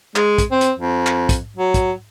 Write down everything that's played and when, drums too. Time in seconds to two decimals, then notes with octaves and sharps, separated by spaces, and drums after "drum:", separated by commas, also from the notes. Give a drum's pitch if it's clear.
0.16 G#3, drum: clap
0.38 drum: kick, hi-hat
0.51 C4
0.61 drum: hi-hat
0.79 F2
1.06 drum: clap
1.29 drum: kick, hi-hat
1.57 F#3
1.74 drum: kick, hi-hat